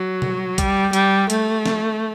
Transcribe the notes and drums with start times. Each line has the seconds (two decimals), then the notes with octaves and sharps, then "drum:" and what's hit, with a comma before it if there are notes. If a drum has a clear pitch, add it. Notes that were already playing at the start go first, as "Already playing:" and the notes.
Already playing: F#3
0.22 drum: tom B2
0.58 G3, drum: kick, hi-hat
0.93 G3, drum: hi-hat
1.30 A3, drum: hi-hat
1.66 drum: snare